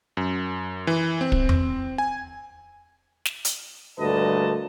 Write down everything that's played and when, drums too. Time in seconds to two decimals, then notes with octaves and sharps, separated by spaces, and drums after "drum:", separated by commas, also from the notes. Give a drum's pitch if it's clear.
0.17 F#2
0.87 E3
1.21 C4
1.32 drum: kick
1.49 drum: tom E2
1.98 G#5
3.25 drum: snare
3.45 drum: hi-hat
3.98 D2 G2 A#2 B4 D#5 A5